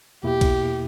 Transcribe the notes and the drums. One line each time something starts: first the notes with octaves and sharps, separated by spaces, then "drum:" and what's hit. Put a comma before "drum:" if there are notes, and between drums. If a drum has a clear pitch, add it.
E2 B2 A#3 E4 G4
drum: kick B1, cymbal